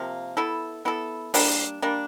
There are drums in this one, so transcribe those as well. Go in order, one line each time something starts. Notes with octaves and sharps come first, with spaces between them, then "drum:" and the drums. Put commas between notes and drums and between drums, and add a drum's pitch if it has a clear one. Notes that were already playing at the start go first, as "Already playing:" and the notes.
Already playing: C3 F3 A#3
B3 E4 A4
B3 E4 A4
G3 A#3 D4, drum: open hi-hat
G3 A#3 D4